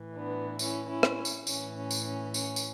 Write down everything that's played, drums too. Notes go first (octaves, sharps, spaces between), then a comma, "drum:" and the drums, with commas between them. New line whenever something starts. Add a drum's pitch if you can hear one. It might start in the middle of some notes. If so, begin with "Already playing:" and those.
Already playing: A2 E3
B3 D4
C#4 E4, drum: tambourine
C#4 E4
drum: rim click
drum: tambourine
A2 E3 C#4, drum: tambourine
C#4
drum: tambourine
C#4
C#4, drum: tambourine
drum: tambourine